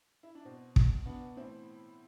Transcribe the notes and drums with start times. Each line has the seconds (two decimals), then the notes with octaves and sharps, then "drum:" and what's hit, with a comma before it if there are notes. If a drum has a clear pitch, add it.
0.23 E4
0.35 D4
0.45 B2 C4
0.76 B2, drum: kick
1.06 B2 B3 D4
1.36 A2 E3 C4 E4